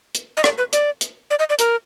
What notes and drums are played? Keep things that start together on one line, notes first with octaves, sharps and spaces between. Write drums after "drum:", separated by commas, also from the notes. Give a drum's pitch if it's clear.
drum: hi-hat
D#5
D5, drum: rim click
B4
D5, drum: hi-hat
drum: hi-hat
D5
D#5
D5
A#4, drum: hi-hat